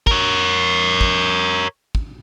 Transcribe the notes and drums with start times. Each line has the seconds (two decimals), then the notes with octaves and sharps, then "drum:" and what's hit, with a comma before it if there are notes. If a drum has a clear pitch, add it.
0.07 A#4 C#5, drum: kick
1.01 drum: kick
1.95 drum: kick